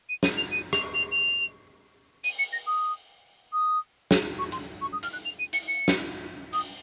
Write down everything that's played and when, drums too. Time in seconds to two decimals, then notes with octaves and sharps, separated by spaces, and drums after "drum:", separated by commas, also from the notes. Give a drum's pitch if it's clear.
0.09 D#7
0.23 D#7, drum: snare
0.37 F7
0.51 D#7
0.73 F7, drum: rim click
0.94 F7
1.11 F7
2.24 D#7, drum: open hi-hat
2.38 C#7
2.53 A#6
2.66 D#6
3.53 D#6
4.11 drum: snare
4.39 C#6
4.52 C6, drum: hi-hat
4.81 C#6
4.93 D#6
5.03 F6, drum: hi-hat
5.13 F#6
5.25 F7
5.39 D#7
5.53 C#7, drum: hi-hat
5.68 C#7
5.88 drum: snare
6.53 D#6, drum: open hi-hat